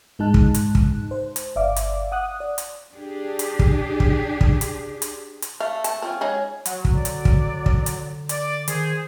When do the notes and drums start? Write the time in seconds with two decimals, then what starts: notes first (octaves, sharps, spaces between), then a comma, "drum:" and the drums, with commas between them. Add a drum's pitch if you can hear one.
0.19 G#2 G#3 D#4 A5 F#6
0.34 drum: kick
0.55 drum: hi-hat
0.75 drum: kick
1.11 C5
1.36 drum: hi-hat
1.56 G1 D5 E5 F5 D6
1.76 drum: hi-hat
2.12 F#5 D#6 F#6
2.40 D5
2.58 drum: hi-hat
2.94 D4 G4 G#4
3.39 drum: hi-hat
3.59 drum: kick
4.00 drum: kick
4.41 drum: kick
4.61 drum: hi-hat
5.02 drum: hi-hat
5.42 drum: hi-hat
5.60 A3 F5
5.84 A5, drum: hi-hat
6.02 F3 C4 C#4 F4
6.21 G#3 D#4 G#4 C#5
6.66 F#3, drum: hi-hat
6.85 drum: kick
6.94 D3 D5
7.05 drum: hi-hat
7.25 drum: kick
7.66 drum: kick
7.86 drum: hi-hat
8.29 D5 A6, drum: hi-hat
8.68 D#3 G#4 C5, drum: hi-hat